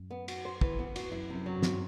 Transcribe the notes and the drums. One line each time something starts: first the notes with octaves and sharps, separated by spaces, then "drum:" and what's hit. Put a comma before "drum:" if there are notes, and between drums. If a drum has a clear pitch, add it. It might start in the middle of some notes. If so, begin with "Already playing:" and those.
Already playing: F#2
B3
F#4, drum: cymbal
C5
E3, drum: kick
B3
F#4, drum: cymbal
F#2 E4
F#2 C3
F#3
G2
C4, drum: snare